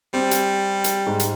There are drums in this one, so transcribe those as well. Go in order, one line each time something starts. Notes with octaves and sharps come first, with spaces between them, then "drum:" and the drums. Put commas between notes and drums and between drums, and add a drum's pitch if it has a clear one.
G3 C4
drum: hi-hat
drum: hi-hat
G#2
drum: hi-hat